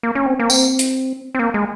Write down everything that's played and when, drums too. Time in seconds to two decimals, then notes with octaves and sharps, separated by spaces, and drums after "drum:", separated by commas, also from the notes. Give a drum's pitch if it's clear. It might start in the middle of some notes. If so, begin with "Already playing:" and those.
0.03 A#3
0.15 C#4
0.26 C4
0.39 A#3
0.50 C4, drum: tambourine
0.79 drum: hi-hat
1.35 C4
1.39 A#3
1.54 G#3